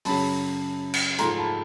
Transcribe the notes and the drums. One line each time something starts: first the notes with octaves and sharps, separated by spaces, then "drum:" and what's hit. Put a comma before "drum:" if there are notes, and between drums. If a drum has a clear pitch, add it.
F#2 C#3 F#3 A5 B5, drum: open hi-hat
drum: cymbal
G#2 F3 A3 A#5 C6, drum: hi-hat
A5 B5